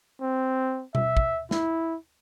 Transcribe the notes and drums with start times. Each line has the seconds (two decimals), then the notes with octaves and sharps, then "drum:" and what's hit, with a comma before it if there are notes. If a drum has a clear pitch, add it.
0.22 C4
0.95 E5, drum: tom B2
1.17 drum: kick
1.51 E4, drum: snare